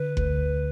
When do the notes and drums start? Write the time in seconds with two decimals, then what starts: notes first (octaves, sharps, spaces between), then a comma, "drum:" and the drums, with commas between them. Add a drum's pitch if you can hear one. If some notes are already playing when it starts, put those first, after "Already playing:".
Already playing: D3 B4
0.17 D2, drum: kick F#1